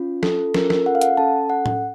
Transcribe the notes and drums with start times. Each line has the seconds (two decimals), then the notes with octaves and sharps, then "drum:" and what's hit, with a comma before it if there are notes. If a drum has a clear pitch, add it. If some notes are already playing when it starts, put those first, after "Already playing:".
Already playing: C#4 F4
0.23 A4, drum: snare
0.54 C#4 F4 A4 A#4, drum: snare
0.70 A#4, drum: snare
0.86 F#5
0.95 F5
1.01 F#5, drum: hi-hat
1.17 C#4 A4 A5
1.50 F#5
1.66 drum: tom A2